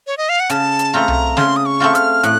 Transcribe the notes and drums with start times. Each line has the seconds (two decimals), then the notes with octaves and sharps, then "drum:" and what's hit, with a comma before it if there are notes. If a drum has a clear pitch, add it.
0.07 C#5
0.18 D#5
0.29 F5
0.40 F#5
0.50 C#3 A5, drum: hi-hat
0.79 drum: hi-hat
0.93 A3 C4 F4 A#5
1.08 drum: tom C2
1.37 C#3 C6, drum: snare
1.56 D#6
1.66 C#6
1.80 A3 C4 F4
1.95 F6, drum: hi-hat
2.23 A2 F#6, drum: hi-hat